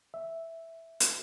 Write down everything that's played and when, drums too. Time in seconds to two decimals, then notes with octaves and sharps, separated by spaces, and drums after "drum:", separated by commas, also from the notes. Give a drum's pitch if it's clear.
0.14 E5
1.00 drum: hi-hat